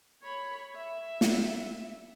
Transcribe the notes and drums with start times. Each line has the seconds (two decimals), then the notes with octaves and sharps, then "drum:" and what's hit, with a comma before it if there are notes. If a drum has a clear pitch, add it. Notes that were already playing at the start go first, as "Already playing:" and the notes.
0.22 C#5 B5
0.76 E5
1.21 drum: snare